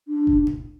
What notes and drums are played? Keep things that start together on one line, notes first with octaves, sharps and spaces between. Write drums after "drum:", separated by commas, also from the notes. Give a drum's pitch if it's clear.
D4
drum: kick F#1
drum: tom A2